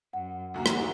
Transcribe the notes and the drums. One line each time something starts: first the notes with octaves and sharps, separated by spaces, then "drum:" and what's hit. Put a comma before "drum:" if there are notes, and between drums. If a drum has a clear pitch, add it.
F#2 F#5
D2 A#3 F#4 G4 A#5
drum: rim click